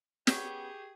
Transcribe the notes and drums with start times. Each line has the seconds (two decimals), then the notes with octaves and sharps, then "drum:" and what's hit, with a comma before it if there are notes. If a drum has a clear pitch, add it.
0.27 B3 C#4 G4 G#4 C#6 G6, drum: snare